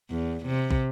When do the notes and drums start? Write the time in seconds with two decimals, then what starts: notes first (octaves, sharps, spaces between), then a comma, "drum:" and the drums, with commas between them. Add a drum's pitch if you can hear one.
0.11 E2
0.46 C3
0.71 drum: kick